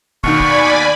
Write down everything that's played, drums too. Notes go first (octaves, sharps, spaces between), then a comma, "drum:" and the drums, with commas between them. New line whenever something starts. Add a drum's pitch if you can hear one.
D#2 B2 D#3 D5 G#5 B5 C#6, drum: kick
drum: kick